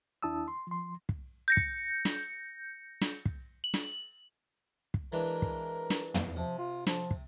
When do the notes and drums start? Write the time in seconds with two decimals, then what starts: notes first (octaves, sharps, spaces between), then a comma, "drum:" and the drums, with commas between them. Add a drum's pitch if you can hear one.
0.22 D#2 D4 E4 A5 D#6 E6
0.48 C6
0.67 F3 C6
1.09 drum: kick
1.48 G6 A#6 C#7
1.57 drum: kick
2.05 drum: snare
3.01 drum: snare
3.25 drum: kick
3.64 F#7
3.74 drum: snare
4.94 drum: kick
5.12 E3 G#3 D4 A#4
5.42 drum: kick
5.90 drum: snare
6.14 drum: tom
6.36 C3 F3
6.58 F4
6.87 F3, drum: snare
7.11 drum: kick